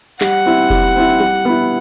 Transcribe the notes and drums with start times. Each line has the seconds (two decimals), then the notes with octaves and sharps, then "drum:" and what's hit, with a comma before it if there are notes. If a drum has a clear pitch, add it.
0.21 G3 F#5, drum: clap
0.46 C4 E4
0.70 G3, drum: kick F1, open hi-hat
0.96 C4 E4
1.20 G3
1.45 B3 E4